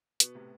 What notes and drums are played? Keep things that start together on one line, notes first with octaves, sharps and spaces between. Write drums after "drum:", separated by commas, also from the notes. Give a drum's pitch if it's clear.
B2 B3, drum: hi-hat
A2 C3